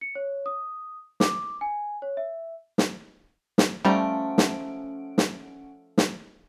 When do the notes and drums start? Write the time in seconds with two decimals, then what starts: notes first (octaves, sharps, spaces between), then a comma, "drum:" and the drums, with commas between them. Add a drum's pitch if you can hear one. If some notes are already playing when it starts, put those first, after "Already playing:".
0.01 C#7
0.15 C#5
0.46 D#6
1.20 D6, drum: snare
1.61 G#5
2.02 C#5
2.17 E5
2.78 drum: snare
3.58 drum: snare
3.85 F3 G3 A3 C#4 F#5 A#5 D7
4.38 drum: snare
5.18 drum: snare
5.98 drum: snare